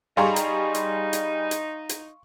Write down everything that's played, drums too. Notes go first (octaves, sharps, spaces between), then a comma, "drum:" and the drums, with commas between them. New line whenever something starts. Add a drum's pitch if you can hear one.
G3 D#4 G#4 F5 A#5 C6 C#6
drum: hi-hat
drum: hi-hat
drum: hi-hat
drum: hi-hat
drum: hi-hat